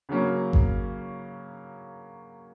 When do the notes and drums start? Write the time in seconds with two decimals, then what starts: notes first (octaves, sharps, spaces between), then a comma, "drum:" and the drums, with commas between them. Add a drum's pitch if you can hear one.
0.09 C#3 F#3 A#3 C#4
0.53 drum: kick G#1